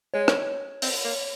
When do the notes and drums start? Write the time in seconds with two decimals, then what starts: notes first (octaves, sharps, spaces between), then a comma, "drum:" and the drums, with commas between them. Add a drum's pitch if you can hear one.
0.14 G#3 C#5
0.28 drum: rim click
0.82 C4, drum: open hi-hat
1.04 A#3